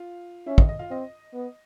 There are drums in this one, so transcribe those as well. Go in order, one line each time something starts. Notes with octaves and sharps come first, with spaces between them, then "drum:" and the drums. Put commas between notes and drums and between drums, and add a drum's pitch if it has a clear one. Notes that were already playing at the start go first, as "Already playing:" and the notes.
Already playing: F4 F5
C#4 E4 E5
D#5, drum: kick
D#5
F4 F5
C4 D#5
B3